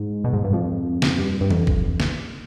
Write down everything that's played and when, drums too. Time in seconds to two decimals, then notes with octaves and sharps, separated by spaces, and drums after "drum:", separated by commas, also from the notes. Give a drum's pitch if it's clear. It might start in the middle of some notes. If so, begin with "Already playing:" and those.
Already playing: G#2
0.24 B2
0.33 G#2
0.44 G2
0.53 F2
1.02 drum: snare
1.18 G2
1.41 G2
1.51 F2, drum: tom E3
1.67 drum: kick
2.00 drum: snare